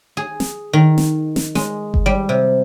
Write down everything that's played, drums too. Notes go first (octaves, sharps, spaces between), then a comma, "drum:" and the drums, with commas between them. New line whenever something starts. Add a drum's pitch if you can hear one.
G#4
drum: snare
D#3
drum: snare
drum: snare
G#3, drum: snare
drum: kick G1
G3
C3